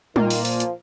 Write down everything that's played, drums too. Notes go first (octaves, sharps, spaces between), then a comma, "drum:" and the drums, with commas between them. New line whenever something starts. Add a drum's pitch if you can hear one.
A#2 D#3 A#3 F4, drum: tom G3
drum: open hi-hat
F3, drum: open hi-hat
drum: hi-hat